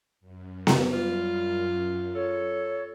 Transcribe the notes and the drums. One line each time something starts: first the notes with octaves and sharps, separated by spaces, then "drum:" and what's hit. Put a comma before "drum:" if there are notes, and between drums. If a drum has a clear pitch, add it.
F#2
drum: snare B3
G3 F4
A4 C#5